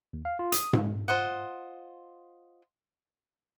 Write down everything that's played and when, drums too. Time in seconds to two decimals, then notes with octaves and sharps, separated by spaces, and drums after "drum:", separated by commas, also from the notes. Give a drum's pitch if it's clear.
0.13 D#2
0.25 F5
0.39 F4
0.52 D#6, drum: hi-hat
0.73 G#3, drum: tom G#2
1.08 F4 C5 D#5 F#5